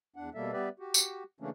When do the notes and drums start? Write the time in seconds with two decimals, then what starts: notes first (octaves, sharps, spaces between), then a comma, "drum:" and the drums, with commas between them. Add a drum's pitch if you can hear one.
0.16 E2 D4 F#5
0.34 B2 G3 A#3 A4 E5
0.52 G3 B3 G4 B4 D5 E5
0.80 F#4 G4
0.94 drum: tambourine
1.41 C#3 E3 A3 A#3 C#4 D4